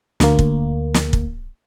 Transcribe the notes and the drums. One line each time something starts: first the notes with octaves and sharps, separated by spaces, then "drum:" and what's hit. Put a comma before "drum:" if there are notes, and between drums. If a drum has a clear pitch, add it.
D2 A#3, drum: snare
drum: kick
drum: snare
drum: kick